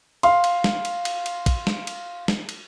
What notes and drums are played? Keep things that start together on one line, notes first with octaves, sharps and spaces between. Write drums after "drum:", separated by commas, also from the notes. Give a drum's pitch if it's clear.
F5 C6, drum: cymbal
drum: cymbal
drum: snare
drum: cymbal
drum: cymbal
drum: cymbal
drum: kick, cymbal
drum: snare
drum: cymbal
drum: snare
drum: cymbal